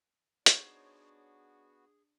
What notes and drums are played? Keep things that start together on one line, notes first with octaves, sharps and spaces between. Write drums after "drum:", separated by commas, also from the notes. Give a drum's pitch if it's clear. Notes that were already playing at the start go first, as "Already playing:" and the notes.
B3 D4 D#4 F#4 G#4 C5 C#5, drum: hi-hat